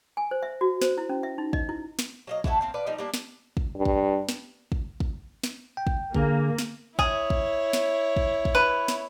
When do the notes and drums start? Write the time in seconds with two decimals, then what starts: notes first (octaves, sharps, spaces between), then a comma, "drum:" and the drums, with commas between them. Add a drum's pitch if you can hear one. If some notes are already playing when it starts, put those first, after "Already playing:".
0.17 G#5
0.31 C5
0.43 E5
0.61 F#4
0.82 C5, drum: snare
0.98 E4
1.09 C#4
1.23 E5
1.38 D#4
1.53 D#5, drum: kick
1.69 E4
1.99 drum: snare
2.27 F#3 A#3 D#5
2.44 A3 E4 F#4 A4, drum: kick
2.61 A2 C4 F5
2.74 B4 D5 F5
2.87 F3 G3 D#4
2.98 G3 A#3 D4
3.14 drum: snare
3.57 drum: kick
3.76 G2
3.85 drum: kick
4.29 drum: snare
4.72 drum: kick
5.00 drum: kick
5.44 drum: snare
5.77 G5
5.87 drum: kick
6.14 D3 A#3 G#4, drum: kick
6.58 drum: snare
6.99 E4 G#4 C#5, drum: kick
7.30 drum: kick
7.73 drum: snare
8.17 drum: kick
8.45 drum: kick
8.55 B4
8.88 drum: snare